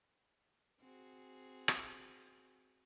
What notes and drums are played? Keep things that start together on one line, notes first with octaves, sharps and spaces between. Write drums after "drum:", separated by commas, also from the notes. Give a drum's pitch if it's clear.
C4 F#4 G#4
drum: rim click